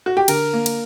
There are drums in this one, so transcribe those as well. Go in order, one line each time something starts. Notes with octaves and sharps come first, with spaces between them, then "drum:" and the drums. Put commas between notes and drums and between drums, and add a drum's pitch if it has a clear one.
F#4
G4
D3 A#4, drum: cymbal
A#3
drum: cymbal